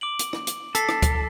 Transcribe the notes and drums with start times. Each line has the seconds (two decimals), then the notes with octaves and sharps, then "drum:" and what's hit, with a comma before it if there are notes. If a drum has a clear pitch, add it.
0.01 D6 D7 F#7
0.19 drum: hi-hat
0.33 drum: rim click
0.47 drum: hi-hat
0.75 A4 A6 B6 C7, drum: hi-hat
0.89 drum: rim click
1.02 drum: kick, hi-hat